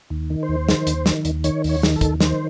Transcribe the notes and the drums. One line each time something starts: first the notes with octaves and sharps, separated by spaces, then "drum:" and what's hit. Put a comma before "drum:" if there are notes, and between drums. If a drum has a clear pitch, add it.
D#2
D#3
C5
D#2
D#3, drum: snare
D#2, drum: hi-hat
D#3, drum: snare
D#2, drum: hi-hat
D#3 C#5, drum: hi-hat
D#2, drum: open hi-hat
C#5
D#3, drum: snare
A4
D#2, drum: kick, hi-hat
D#3 C5, drum: snare